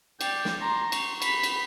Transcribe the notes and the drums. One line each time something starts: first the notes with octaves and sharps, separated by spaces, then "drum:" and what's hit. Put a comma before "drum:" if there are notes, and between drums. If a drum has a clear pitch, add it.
D5 G5, drum: cymbal
drum: snare
A#5 C6
C#6, drum: cymbal
B5 B6, drum: cymbal
drum: cymbal